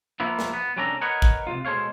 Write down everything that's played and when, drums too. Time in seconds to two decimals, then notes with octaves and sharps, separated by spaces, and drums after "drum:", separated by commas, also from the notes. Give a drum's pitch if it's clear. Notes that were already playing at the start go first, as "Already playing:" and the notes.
0.20 F3 A#3 B3 E4
0.39 drum: snare
0.53 B3
0.77 C2 G3 C#4 D4 A4 A#5
1.01 A#4 B4 C#5 D#5 F#5
1.22 drum: kick
1.47 C3 F#3 F4
1.65 B2 G#3 A4 C5 C#5 F5